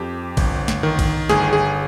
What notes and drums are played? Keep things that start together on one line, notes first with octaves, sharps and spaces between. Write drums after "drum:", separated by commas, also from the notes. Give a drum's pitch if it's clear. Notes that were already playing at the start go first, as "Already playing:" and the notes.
Already playing: F2 G4
G1, drum: kick A1, cymbal
drum: snare
D#3
drum: kick A1, cymbal
G1 G#4, drum: snare
G#4